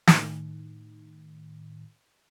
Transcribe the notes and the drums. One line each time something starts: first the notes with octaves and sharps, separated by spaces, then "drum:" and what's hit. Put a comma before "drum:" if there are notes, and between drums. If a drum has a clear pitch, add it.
A2 D#3, drum: snare